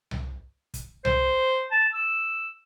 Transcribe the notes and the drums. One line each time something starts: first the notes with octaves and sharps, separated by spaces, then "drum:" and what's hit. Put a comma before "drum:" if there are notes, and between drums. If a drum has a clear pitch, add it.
drum: tom C2
drum: kick, hi-hat
C5, drum: tom C2
A5
E6